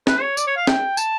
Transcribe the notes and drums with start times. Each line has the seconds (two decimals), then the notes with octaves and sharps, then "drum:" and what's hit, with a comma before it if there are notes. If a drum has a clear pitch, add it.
0.07 B4, drum: snare
0.21 C#5
0.37 D5, drum: tambourine
0.47 C#5
0.57 F5
0.67 G5, drum: snare
0.97 A5, drum: tambourine